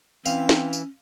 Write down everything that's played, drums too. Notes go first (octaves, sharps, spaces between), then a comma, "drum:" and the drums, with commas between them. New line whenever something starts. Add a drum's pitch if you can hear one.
E3 C4 C#4 F5, drum: tambourine
drum: snare
drum: tambourine